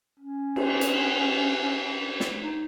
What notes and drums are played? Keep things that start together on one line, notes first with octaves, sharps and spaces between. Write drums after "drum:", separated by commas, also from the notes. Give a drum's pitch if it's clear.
C#4
drum: cymbal
drum: hi-hat
drum: snare
D#4